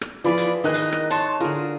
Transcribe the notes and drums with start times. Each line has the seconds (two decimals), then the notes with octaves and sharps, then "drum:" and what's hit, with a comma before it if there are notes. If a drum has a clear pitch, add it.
0.01 drum: rim click
0.25 E3 F3 F4 G#4 B4 D5 B5
0.38 drum: hi-hat
0.64 D#3 D#4 E4 G#4 A#4 D#5 F#6
0.74 drum: hi-hat
0.92 drum: rim click
1.11 C#5 A5 C6, drum: hi-hat
1.40 D3 F4 G#4 A#4